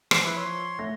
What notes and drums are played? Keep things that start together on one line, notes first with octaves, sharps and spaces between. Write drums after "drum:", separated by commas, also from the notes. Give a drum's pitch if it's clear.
F3, drum: rim click
E4 B4
C#5 C6
A3 A#6